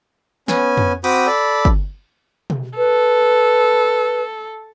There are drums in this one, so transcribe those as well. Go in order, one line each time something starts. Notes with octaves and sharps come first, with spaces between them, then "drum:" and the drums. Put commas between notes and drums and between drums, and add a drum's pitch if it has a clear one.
B3 C#4 G#5, drum: snare
drum: tom F2
C4 F#4 G5 B5 D6 D#6, drum: cymbal
A4 D5 B5
drum: kick
drum: tom B2
A4 B4